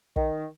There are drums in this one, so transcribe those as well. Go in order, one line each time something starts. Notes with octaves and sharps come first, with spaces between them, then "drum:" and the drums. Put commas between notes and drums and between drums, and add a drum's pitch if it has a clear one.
D#3, drum: kick